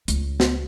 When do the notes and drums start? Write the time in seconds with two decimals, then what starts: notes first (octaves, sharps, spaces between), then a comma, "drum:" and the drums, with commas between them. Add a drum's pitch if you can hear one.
0.08 C#2, drum: hi-hat
0.40 drum: snare